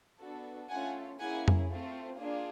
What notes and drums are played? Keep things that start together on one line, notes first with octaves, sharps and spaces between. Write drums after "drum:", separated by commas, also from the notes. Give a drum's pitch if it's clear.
B3 D4 F#4 A4
A3 C#4 F4 A4 F#5 G#5
A#3 C#4 E4 G#4 F#5 G#5
drum: tom F2
A3 C4 F4
A#3 D4 F4 G#4